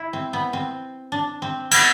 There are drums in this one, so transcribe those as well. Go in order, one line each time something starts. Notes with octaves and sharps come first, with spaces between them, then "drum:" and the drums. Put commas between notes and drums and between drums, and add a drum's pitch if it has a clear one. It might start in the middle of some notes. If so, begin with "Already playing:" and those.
Already playing: E4
C4
B3
C4
D4
C4
B3, drum: cymbal